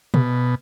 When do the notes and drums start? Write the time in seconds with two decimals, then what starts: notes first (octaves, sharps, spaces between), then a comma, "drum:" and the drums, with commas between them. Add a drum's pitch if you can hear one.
0.14 B2, drum: tom B2